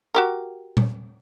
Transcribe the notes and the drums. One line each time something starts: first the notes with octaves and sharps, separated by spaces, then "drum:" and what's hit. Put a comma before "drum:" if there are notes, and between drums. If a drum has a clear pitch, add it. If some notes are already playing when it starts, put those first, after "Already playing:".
F#4 G4 A#4
drum: tom A#2